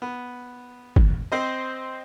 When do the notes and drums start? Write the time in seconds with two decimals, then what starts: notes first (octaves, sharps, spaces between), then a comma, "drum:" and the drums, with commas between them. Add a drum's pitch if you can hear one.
0.02 B3
0.96 drum: kick G1
1.32 C4 C5 D#5